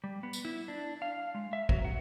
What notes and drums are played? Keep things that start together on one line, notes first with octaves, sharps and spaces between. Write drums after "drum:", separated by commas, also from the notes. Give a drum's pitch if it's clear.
G3
B3
drum: tambourine
E4
D4
F5
G#3
E5
F#3, drum: kick
F#5